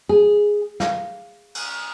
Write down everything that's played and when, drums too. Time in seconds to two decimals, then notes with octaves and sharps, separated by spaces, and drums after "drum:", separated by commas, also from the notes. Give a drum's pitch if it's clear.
0.09 G#4
0.80 F5, drum: snare
1.55 drum: cymbal